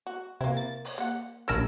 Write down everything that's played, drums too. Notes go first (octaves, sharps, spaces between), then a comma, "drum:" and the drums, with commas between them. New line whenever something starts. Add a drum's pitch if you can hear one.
F#4
C3 A#3 E4
A6
drum: open hi-hat
A#3 F#5
A#1 A#4 C#5 A5 B5 E6, drum: hi-hat